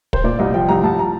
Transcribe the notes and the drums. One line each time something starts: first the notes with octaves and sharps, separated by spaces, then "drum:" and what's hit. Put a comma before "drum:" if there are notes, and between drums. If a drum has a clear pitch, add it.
C5, drum: kick
A#2 D5
C2 D#5
F3 G5
C2 A#5
C2 A5
A#5